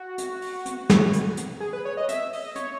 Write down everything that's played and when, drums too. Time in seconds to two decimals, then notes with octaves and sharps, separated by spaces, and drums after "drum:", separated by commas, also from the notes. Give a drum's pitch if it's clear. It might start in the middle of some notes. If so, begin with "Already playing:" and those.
Already playing: F#4
0.18 drum: hi-hat
0.42 drum: open hi-hat
0.66 drum: hi-hat
0.90 drum: snare
1.13 drum: hi-hat
1.37 drum: hi-hat
1.60 G#4
1.73 B4
1.85 C#5
1.97 D#5
2.09 E5, drum: hi-hat
2.33 D#5, drum: open hi-hat
2.56 C#5, drum: hi-hat